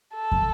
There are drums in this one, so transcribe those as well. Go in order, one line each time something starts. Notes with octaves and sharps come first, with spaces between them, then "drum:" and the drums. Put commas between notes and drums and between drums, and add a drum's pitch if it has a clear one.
A4
drum: kick